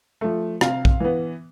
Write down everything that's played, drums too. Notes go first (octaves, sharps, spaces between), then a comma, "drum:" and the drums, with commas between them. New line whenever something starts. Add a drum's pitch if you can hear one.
F3 A3
C3 F5, drum: rim click
drum: kick
E3 B3